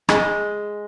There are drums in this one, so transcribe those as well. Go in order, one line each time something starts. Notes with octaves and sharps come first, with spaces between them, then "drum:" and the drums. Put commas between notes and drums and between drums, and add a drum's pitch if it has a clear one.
G#3, drum: rim click